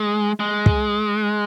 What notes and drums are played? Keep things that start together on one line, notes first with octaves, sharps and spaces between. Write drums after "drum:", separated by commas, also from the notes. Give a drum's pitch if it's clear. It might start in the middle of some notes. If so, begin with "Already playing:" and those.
Already playing: G#3
G#3
drum: kick